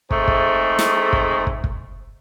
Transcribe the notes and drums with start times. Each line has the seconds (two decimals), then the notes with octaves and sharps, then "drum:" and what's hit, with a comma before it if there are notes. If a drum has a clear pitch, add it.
0.11 G#2 G#3 A3 C4, drum: kick
0.28 drum: kick
0.79 drum: snare
1.13 drum: kick
1.47 drum: kick
1.64 drum: kick